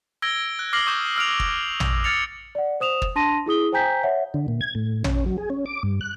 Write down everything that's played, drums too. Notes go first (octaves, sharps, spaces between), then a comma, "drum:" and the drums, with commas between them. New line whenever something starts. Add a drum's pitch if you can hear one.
E6 G#6 A#6 D7 G7
F#6
D6 F6 A#6 C7 F#7 G7
C#6 D#6 G6 E7
E6 F6 D7 F7
drum: kick
drum: tom
F6 G#6 A6 C#7 F7
D5 F#5
C5 D#6 E7 F7
drum: kick
D4 A5 C6 A#6 D#7
E4 G#4 D#6 G7
C5 G5 G#5 A#5 G6 B6
C#5 E5 F#5
D3
A#2
G#6
A2
C#4, drum: tom
F#3
G#4
C#4
D6
G2
F#6